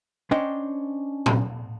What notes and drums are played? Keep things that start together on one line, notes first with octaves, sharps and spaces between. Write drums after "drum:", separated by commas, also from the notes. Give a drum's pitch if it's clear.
C#4 D4 C5 D#5 G5
drum: tom